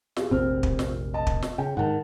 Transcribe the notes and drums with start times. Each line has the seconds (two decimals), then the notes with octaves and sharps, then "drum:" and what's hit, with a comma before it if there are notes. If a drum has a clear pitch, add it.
0.16 F4 G4 G#4, drum: snare
0.31 F1 A#1 C4 G4 F6
0.63 drum: kick
0.79 drum: snare
1.14 D#5 A5
1.27 drum: kick
1.42 drum: snare
1.58 C#3 G5
1.77 G#2 D#3 F#5 A5